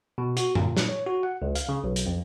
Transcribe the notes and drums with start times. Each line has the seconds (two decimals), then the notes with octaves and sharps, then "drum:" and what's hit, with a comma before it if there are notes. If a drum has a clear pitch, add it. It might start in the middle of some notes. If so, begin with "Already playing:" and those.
0.18 B2
0.37 F#4, drum: hi-hat
0.55 A#2, drum: tom F#2
0.77 drum: snare
0.89 C#5
1.06 F#4
1.23 F#5
1.42 C#2
1.55 F5, drum: hi-hat
1.69 C#3
1.84 B1
1.96 drum: hi-hat
2.06 F2